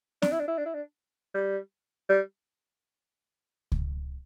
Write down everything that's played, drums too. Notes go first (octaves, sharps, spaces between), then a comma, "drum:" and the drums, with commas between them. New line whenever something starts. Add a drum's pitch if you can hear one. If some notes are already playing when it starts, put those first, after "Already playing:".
D4, drum: snare C4
E4
D4
E4
D4
E4
D4
G3
G3
drum: kick C#2